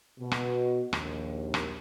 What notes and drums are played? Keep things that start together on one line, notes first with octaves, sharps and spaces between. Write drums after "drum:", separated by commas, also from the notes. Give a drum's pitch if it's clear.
B2
drum: rim click
A#1 D#2, drum: rim click
drum: rim click